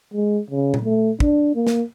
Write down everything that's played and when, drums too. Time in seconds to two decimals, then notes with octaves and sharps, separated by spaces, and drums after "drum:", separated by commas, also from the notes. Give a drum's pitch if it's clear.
0.14 G#3
0.50 C#3
0.74 drum: tom A#2
0.84 A3
1.20 D4, drum: kick
1.55 A#3
1.67 drum: snare